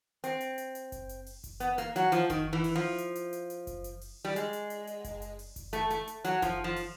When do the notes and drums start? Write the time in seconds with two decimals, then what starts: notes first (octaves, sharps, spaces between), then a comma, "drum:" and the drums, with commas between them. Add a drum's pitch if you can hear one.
0.24 C4, drum: hi-hat
0.41 drum: hi-hat
0.58 drum: hi-hat
0.75 drum: hi-hat
0.92 drum: kick F#1, hi-hat
1.09 drum: hi-hat
1.26 drum: open hi-hat
1.44 drum: kick F#1, hi-hat
1.60 B3, drum: hi-hat
1.78 A#3, drum: hi-hat
1.96 F#3, drum: hi-hat
2.12 F3, drum: hi-hat
2.30 D#3, drum: kick F#1, hi-hat
2.53 E3
2.64 drum: open hi-hat
2.76 F3
2.98 drum: hi-hat
3.15 drum: hi-hat
3.33 drum: hi-hat
3.50 drum: hi-hat
3.67 drum: kick F#1, hi-hat
3.84 drum: hi-hat
4.01 drum: open hi-hat
4.25 G3
4.36 G#3, drum: hi-hat
4.53 drum: hi-hat
4.70 drum: hi-hat
4.87 drum: hi-hat
5.04 drum: kick F#1, hi-hat
5.22 drum: hi-hat
5.39 drum: open hi-hat
5.56 drum: kick F#1, hi-hat
5.73 A3, drum: hi-hat
5.90 A3, drum: hi-hat
6.08 drum: hi-hat
6.25 F#3, drum: hi-hat
6.42 F3, drum: kick F#1, hi-hat
6.64 F3
6.76 drum: open hi-hat